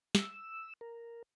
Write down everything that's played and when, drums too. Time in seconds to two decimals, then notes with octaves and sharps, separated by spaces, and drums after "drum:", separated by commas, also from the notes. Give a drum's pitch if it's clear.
0.15 E6, drum: snare
0.81 A#4